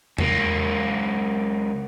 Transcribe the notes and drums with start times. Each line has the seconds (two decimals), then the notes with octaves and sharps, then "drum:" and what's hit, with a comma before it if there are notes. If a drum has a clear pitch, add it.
0.18 C#2 A#3, drum: tom E2